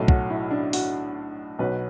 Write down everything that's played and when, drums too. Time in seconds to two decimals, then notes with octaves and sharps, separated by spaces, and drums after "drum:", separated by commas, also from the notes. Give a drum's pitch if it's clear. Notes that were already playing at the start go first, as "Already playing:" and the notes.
Already playing: B1 A2 F#3 A4
0.08 F#4, drum: kick
0.30 E4
0.51 D4
0.73 F#4, drum: open hi-hat
1.59 B1 B2 F#3 B4